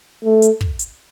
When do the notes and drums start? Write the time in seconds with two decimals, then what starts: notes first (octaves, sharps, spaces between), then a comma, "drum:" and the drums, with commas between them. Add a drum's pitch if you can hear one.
0.24 A3
0.42 drum: hi-hat
0.61 drum: kick
0.79 drum: hi-hat